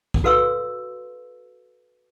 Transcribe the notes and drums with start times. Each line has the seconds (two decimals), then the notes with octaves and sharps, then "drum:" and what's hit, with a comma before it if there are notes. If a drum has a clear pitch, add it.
0.14 drum: kick B1
0.24 F#4 A4 B4 F5 C6 E6